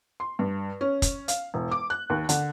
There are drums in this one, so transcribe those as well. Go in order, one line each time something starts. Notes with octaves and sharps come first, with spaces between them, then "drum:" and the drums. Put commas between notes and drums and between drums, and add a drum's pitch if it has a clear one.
C6
G2
C#4
drum: kick, hi-hat
F5, drum: hi-hat
E1
D6
F#6
D#2
D3, drum: hi-hat